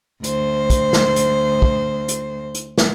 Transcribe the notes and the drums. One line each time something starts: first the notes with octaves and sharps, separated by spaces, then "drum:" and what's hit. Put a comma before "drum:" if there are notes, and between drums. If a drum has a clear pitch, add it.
D2 C5, drum: hi-hat
drum: kick, hi-hat
drum: snare
drum: hi-hat
drum: kick
drum: hi-hat
drum: hi-hat
drum: snare